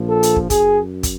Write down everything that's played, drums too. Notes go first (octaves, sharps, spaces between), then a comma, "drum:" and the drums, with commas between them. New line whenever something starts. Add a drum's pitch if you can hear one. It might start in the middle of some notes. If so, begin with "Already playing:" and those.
Already playing: A#1 A#2 F3
A4
drum: hi-hat
drum: kick
F#2 G#4, drum: kick, hi-hat
drum: kick, hi-hat